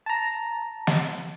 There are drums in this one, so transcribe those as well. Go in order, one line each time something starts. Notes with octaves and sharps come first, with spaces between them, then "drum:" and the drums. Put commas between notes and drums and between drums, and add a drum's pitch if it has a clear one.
A5 A#5
drum: snare